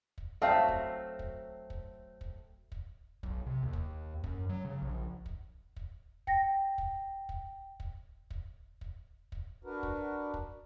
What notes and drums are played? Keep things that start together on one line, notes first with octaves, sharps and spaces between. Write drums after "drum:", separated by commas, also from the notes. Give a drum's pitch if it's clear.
drum: kick
F#3 A3 C4 F5 A5
drum: kick
drum: kick
drum: kick
drum: kick
drum: kick
B1, drum: kick
C3
D#2
drum: kick
F#2, drum: kick
F#3
C#3
A#1
drum: kick
drum: kick
G5 A#6, drum: kick
drum: kick
drum: kick
drum: kick
drum: kick
drum: kick
drum: kick
D4 F#4 A#4 B4
drum: kick
drum: kick